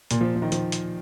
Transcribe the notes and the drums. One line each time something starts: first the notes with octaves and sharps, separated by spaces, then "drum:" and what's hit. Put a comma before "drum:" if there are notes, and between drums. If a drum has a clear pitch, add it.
A#2 A#3, drum: hi-hat
F3
F3
D#3
F3, drum: hi-hat
drum: hi-hat